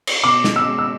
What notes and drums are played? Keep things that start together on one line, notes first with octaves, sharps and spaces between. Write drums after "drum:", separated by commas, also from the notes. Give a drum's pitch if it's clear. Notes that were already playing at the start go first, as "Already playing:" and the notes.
drum: cymbal
B2 D6
B2, drum: snare
E6
G#3
E6